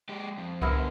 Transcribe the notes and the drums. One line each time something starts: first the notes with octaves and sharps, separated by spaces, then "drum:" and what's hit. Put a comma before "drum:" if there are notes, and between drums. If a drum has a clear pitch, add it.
G#3 G4
F2
D3 G3 B3 E4 A#4, drum: kick C2